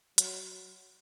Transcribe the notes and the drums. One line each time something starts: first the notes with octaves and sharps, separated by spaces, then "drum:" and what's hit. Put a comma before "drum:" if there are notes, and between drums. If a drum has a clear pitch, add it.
F#3, drum: hi-hat